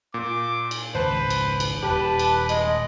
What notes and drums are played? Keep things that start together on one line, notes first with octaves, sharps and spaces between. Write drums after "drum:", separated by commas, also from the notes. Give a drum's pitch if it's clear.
A#2 D6
drum: cymbal
G#1 C#2 B4 C5 A5
drum: cymbal
drum: cymbal
D#1 G4 B4 A5
drum: cymbal
G#3 D#5, drum: cymbal